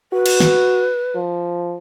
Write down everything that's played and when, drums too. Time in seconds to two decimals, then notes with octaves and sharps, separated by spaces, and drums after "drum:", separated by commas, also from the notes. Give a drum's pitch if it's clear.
0.13 F#4 B4
0.26 drum: cymbal
0.40 drum: snare
1.15 F3